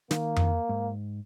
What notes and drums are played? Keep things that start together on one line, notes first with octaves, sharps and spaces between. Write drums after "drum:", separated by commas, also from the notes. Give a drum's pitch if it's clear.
D#3 A#3, drum: snare
drum: tom F2
G#2